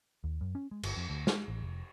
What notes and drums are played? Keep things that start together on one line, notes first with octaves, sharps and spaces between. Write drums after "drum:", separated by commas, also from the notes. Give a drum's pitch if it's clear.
D#2
F#2
C#4
G#3
G1, drum: cymbal
F2
D2
G#3, drum: snare
A1
F1